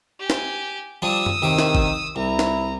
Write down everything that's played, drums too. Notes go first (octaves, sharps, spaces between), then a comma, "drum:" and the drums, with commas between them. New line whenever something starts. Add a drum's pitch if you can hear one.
G4 G#5
drum: snare
F3 G3 D4 D#6 E6
drum: tom F#2
D#2 C3 D#3 D6
drum: snare
drum: kick
C2 E4 A#5
drum: snare